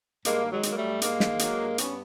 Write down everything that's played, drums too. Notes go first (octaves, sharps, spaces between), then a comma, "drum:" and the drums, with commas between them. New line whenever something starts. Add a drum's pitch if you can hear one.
G2 G#3 A#3, drum: hi-hat
D#3
F#3 G#3
F#3, drum: hi-hat
A#3
G3 A3
G2
G2 G#3 A#3, drum: hi-hat
D#3, drum: snare
F#3, drum: hi-hat
G2
G2 B3 C#4, drum: hi-hat